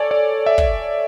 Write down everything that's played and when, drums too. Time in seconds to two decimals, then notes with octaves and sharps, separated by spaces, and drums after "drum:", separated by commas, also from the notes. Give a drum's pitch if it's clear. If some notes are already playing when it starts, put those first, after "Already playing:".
Already playing: A4 C#5 D5 G#5
0.11 D5
0.46 E5
0.58 drum: kick